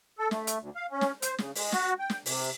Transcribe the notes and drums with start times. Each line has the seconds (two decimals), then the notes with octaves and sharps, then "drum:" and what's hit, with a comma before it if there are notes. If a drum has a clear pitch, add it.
0.19 A4
0.31 A3, drum: snare
0.47 drum: hi-hat
0.60 D2
0.75 F5
0.91 C#4
1.01 drum: snare
1.22 C5, drum: hi-hat
1.38 C#3, drum: snare
1.55 G#3, drum: open hi-hat
1.72 F#4, drum: snare
1.99 G5
2.10 drum: snare
2.26 C3, drum: open hi-hat